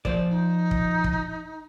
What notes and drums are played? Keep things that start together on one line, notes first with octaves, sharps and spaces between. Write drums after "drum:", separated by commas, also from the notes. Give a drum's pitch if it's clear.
F3 C5 D5, drum: kick
D#4
drum: kick
drum: kick